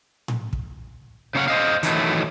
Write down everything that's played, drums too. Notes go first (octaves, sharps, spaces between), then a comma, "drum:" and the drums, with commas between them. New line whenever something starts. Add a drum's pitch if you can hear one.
drum: tom A2
drum: kick
C#3 A#3 C#5 F5 F#5
C5 D#5 F5
D#3 E3 F#3 A3, drum: hi-hat